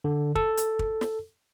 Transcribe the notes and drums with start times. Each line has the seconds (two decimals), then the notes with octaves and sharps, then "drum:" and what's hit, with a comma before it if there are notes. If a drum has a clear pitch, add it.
0.04 D3
0.35 A4, drum: kick
0.57 drum: hi-hat
0.79 drum: kick
1.01 drum: snare